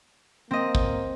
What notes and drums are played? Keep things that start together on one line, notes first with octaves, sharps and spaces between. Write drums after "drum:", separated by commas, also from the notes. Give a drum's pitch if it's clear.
A#3 C4 D#5
drum: kick